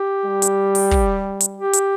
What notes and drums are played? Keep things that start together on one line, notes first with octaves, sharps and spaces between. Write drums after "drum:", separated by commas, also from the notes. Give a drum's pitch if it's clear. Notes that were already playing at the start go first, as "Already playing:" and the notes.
Already playing: G4
G3
drum: hi-hat
drum: open hi-hat
drum: kick
drum: hi-hat
G4
drum: hi-hat